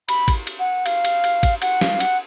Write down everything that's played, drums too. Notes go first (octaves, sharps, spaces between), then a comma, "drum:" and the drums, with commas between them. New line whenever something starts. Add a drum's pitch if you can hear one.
B5, drum: cymbal
drum: kick, cymbal
drum: cymbal
F#5
F5, drum: cymbal
drum: cymbal
drum: cymbal
drum: kick, cymbal
F#5, drum: cymbal
F5, drum: snare
F#5, drum: cymbal